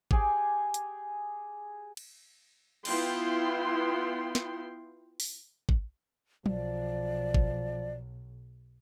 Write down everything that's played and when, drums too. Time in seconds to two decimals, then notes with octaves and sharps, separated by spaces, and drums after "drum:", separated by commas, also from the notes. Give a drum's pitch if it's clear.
0.11 G4 G#4 G#5 D6, drum: kick
0.74 drum: hi-hat
1.97 drum: cymbal
2.85 B3 E4 F4 G5 C6, drum: cymbal
4.35 drum: snare
5.20 drum: open hi-hat
5.69 drum: kick
6.46 B1 F3 D5, drum: tom
7.34 drum: kick